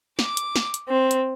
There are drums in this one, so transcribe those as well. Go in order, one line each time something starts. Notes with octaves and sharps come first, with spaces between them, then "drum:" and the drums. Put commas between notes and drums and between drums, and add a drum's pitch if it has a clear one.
D6, drum: snare
drum: hi-hat
drum: snare
drum: hi-hat
C4
drum: hi-hat